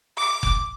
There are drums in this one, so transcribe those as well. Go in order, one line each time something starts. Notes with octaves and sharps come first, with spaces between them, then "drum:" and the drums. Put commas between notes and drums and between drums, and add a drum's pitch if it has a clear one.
D6
drum: kick F#1